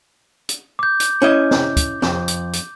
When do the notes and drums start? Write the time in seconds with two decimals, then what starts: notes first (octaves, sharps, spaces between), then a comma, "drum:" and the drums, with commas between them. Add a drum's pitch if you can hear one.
0.49 drum: hi-hat
0.79 D6 G6
1.00 drum: hi-hat
1.22 C#4 E4 D#5
1.51 drum: snare
1.77 drum: kick, hi-hat
2.02 F2, drum: snare
2.28 drum: hi-hat
2.53 drum: hi-hat